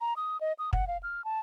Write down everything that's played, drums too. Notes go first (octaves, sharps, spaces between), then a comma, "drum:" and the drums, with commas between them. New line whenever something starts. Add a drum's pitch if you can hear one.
A#5
D#6
D#5
D#6
F#5, drum: kick
F5
F6
A5